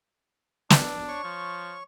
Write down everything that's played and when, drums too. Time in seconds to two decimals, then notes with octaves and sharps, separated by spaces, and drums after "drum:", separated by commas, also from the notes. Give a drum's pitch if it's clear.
0.70 D4, drum: snare
1.08 C#5 C#6
1.24 F3